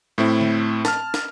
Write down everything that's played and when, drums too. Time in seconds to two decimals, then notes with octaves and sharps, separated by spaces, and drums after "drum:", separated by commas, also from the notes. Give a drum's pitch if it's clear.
0.18 A2 A3 C4 E4
0.41 drum: tom D3
0.85 A5 F6, drum: snare
1.14 drum: snare